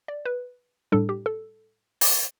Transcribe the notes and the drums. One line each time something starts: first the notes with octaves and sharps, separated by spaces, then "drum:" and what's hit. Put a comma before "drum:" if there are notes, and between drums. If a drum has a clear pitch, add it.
D5
B4
A2 G3 D4 A4
G4
A4
drum: open hi-hat